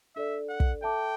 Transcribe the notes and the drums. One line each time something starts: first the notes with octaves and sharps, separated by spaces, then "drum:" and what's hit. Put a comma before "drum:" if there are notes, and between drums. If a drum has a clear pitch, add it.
D4 A4 D5 E5
F#5
drum: kick
A4 E5 G5 A5 D6